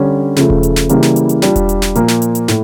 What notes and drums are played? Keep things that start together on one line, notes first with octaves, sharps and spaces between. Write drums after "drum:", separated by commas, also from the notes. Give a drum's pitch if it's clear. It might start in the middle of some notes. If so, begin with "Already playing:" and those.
Already playing: D3 G3 C#4
C#3 F3 A3, drum: snare
drum: kick E1
drum: hi-hat
drum: snare
C#3 E3 G3 A#3 E4, drum: hi-hat
drum: snare
drum: hi-hat
drum: hi-hat
G3 D4 F4, drum: snare
drum: kick E1, hi-hat
drum: hi-hat
drum: snare
A#2 F3 A#3, drum: hi-hat
drum: snare
drum: hi-hat
drum: hi-hat
A2, drum: snare